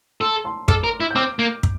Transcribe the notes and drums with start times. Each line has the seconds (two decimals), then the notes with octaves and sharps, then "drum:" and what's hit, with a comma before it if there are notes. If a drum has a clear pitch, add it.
0.20 A4 C6 E6
0.44 A5 C6
0.68 A4 D6 F6, drum: kick
0.84 A#4
1.00 E4
1.11 G6
1.16 C4 D6 F6
1.39 A#3
1.63 drum: kick